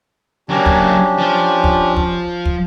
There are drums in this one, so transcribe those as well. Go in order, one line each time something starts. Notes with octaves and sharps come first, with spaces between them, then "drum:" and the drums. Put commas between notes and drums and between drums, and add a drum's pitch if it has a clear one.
F#3 A#3 C#4 D4 G4
drum: kick
F3
drum: kick
drum: kick
drum: kick